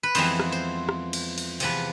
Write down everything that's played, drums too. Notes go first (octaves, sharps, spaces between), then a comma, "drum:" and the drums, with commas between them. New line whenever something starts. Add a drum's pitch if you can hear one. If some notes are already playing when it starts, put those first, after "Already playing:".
B4
F2 E3 G#3 B3 C5, drum: cymbal
drum: rim click
C5
drum: rim click
drum: cymbal
drum: cymbal
E2 C3 F3 B4, drum: cymbal